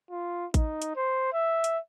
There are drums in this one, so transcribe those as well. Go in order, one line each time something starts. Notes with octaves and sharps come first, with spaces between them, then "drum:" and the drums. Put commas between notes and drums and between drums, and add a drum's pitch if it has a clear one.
F4
D#4, drum: kick A1, hi-hat
drum: hi-hat
C5
E5
drum: hi-hat